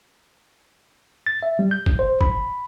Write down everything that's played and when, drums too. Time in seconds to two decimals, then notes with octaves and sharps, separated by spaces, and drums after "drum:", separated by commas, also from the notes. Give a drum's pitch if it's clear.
1.27 A6
1.43 E5
1.59 G3
1.71 G6
1.86 drum: kick
1.99 C5
2.21 B5, drum: kick